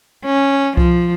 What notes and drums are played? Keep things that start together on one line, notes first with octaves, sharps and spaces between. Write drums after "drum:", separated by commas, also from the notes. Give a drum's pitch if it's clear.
C#4
F3, drum: kick C2